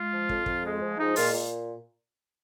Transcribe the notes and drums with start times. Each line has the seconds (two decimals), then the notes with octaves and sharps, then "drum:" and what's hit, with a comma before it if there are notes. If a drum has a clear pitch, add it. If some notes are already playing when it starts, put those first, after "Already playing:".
Already playing: G#3 F4
0.11 F3
0.29 F2, drum: kick
0.46 F2, drum: kick
0.64 G#3
0.81 F3
0.98 G#3 D#4
1.16 A#2 F4, drum: open hi-hat
1.33 A#2